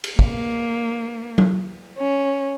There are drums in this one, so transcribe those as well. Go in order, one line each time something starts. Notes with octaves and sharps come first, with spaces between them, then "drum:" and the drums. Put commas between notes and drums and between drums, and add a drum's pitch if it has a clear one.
drum: cymbal
A#3, drum: kick
drum: tom F#3
C#4